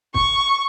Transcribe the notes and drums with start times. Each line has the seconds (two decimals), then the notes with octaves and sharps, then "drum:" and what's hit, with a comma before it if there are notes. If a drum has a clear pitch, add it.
0.14 C#6, drum: kick